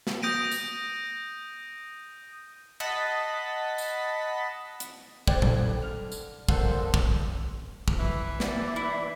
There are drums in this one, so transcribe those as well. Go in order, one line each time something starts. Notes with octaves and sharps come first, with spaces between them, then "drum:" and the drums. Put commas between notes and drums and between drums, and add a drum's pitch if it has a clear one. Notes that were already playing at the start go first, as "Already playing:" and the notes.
drum: snare
D#6 G6 A#6 D7 D#7
drum: tambourine
D#5 F#5 A5 B5 A6 B6, drum: cymbal
drum: tambourine
drum: hi-hat
D3 C5 D5 G5 F#6 G#6, drum: kick
drum: tom A#2
F6
drum: tambourine
A#2 A4 C5 F5 F#5 F#6, drum: kick
drum: kick
drum: kick
E3
D5, drum: snare
E4